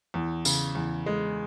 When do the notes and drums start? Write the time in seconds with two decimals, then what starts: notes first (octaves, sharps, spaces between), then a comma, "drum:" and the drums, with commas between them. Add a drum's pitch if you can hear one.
0.14 E2
0.45 C#3, drum: tambourine
0.75 E2
1.06 G#3